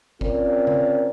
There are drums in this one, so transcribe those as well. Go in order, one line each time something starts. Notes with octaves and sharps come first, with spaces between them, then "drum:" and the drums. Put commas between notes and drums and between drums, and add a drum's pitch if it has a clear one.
C4 C#4 F4 A#4 D5, drum: kick G1
drum: tom C#3